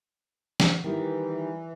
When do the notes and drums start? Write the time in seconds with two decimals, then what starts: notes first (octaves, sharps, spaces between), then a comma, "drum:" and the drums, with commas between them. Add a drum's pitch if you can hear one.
0.60 drum: snare
0.84 D#3 E3 G3 G4